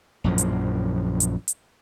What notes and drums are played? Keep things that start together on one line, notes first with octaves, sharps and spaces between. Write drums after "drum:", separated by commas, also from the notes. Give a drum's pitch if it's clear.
A#1 F#2 A2 F3
drum: hi-hat
drum: hi-hat
drum: hi-hat